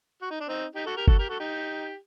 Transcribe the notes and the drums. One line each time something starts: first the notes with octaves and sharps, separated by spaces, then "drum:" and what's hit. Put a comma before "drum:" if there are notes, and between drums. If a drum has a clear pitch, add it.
F#4
D#4
D4
C4 D#4
D#4 G4
F#4 A4
G4 A#4
F#4 A4, drum: kick G1
G4 A#4
F#4 A4
D#4 G4